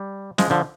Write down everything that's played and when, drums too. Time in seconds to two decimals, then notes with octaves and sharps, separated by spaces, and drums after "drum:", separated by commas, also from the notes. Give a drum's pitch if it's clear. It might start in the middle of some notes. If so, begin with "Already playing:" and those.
Already playing: G3
0.38 F3 G#3, drum: snare
0.50 D3 F3